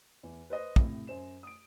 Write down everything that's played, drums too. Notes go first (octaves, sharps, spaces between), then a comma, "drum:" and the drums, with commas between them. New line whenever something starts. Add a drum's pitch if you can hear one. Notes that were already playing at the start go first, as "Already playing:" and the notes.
E2
B4 C5 D#5
A2 C3, drum: kick
F#2 C5 E7
D#6 D7